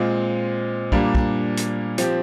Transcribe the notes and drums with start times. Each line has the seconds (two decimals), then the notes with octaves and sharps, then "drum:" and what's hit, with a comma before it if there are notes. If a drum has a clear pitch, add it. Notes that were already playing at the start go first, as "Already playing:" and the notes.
Already playing: A#2 G#3 C4 F4
0.92 A#2 G3 A#3 D4, drum: kick
1.15 drum: kick
1.57 drum: hi-hat
1.98 F3 C4 G4, drum: hi-hat